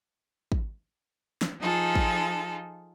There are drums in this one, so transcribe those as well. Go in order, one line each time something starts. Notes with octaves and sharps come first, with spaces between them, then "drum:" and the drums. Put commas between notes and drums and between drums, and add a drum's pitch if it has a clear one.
drum: kick
drum: snare
F3 D#4 F4 G#4 A4
drum: kick